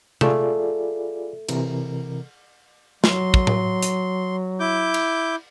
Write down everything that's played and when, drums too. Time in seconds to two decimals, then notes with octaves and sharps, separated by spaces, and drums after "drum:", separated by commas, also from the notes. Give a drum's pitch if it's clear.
0.21 A3 F4 G#4 D5, drum: tom
1.49 C3 E3 A#4, drum: cymbal
3.04 F#3 C6, drum: snare
3.34 drum: kick
3.47 drum: tom A2
3.83 drum: hi-hat
4.60 E4 D6 G6
4.94 drum: cymbal